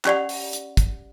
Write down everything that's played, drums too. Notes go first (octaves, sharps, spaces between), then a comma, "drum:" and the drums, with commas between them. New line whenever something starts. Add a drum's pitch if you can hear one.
C#4 G4 D5 F#5 B5, drum: clap
drum: open hi-hat
drum: hi-hat
drum: kick, hi-hat